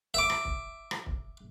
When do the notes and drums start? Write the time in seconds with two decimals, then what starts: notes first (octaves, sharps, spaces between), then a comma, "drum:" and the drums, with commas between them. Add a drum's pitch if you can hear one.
0.14 E5 D6
0.30 drum: rim click
0.45 drum: kick
0.91 drum: rim click
1.06 drum: kick